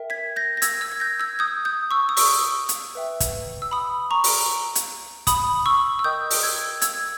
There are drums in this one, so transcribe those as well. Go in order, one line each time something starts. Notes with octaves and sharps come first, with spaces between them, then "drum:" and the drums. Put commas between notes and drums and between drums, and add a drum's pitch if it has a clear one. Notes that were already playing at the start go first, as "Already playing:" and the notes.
Already playing: A#4 E5 G5
G#6 B6
G6 A#6
A#6
E6 G#6, drum: hi-hat
E6 G#6
G#6
G6 A#6
E6 G#6
D#6 G6
D#6 G6
C#6 E6
D#6
C#6 E6, drum: open hi-hat
drum: hi-hat
B4 E5 G5
drum: kick, hi-hat
E6
B5 D#6
A#5 C#6
drum: open hi-hat
drum: hi-hat
B5 D#6, drum: kick, hi-hat
C#6 E6
E6
A#4 D#5 G5 D#6 G6
drum: open hi-hat
E6 G#6
E6 G#6, drum: hi-hat